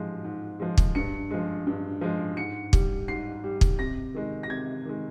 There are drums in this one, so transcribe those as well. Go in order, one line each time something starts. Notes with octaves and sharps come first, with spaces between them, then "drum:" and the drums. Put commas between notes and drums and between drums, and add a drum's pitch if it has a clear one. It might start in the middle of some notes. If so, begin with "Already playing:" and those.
Already playing: G#2 F3 G#3
G#2
F3 G#3
drum: kick
G2 C#7
F3 G#3
G2
F3 G#3
G#2 C#7
G3, drum: kick
G#2 C7
G3
drum: kick
C3 A#6
D#3 G#3
A#6
C3 G#6
D#3 G#3